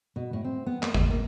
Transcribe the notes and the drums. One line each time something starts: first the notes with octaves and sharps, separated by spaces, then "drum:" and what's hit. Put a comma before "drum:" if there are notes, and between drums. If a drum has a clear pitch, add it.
B2
A2
C4
B3
A#3, drum: clap
G#3, drum: tom
A#3